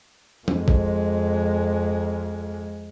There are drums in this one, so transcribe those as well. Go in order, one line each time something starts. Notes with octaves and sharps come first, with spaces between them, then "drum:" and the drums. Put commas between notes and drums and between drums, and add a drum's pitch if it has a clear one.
F2 G#3, drum: tom E3
drum: kick